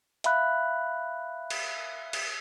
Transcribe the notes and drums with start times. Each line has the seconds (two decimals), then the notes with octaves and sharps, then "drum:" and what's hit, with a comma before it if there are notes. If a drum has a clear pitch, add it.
0.24 E5 F5 B5 F#6, drum: hi-hat
1.50 drum: cymbal
2.13 drum: cymbal